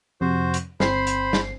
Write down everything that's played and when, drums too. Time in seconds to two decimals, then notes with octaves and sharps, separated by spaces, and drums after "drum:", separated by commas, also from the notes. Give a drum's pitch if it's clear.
0.21 F2 C3 F#4 C5
0.54 drum: hi-hat
0.80 G1 C4 C5 B5 C7, drum: snare
1.07 drum: hi-hat
1.33 drum: snare